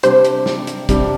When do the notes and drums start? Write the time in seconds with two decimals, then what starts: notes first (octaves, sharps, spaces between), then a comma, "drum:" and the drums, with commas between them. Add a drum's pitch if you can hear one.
0.03 C3 G3 D4 G4 C5, drum: hi-hat
0.25 drum: hi-hat
0.46 drum: snare
0.67 drum: hi-hat
0.89 C3 G3 D4 G4, drum: kick, hi-hat